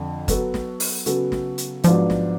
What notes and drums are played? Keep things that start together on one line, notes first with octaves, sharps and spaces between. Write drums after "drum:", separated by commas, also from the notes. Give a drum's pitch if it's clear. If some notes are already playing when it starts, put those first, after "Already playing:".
Already playing: F2 D3
F#3 B3 F#4 A4, drum: kick, hi-hat
drum: snare
drum: open hi-hat
C#3 F#3 B3 F#4 A4, drum: hi-hat
drum: snare
drum: hi-hat
G#2 F3 F#3 B3 D4 F4, drum: hi-hat
drum: snare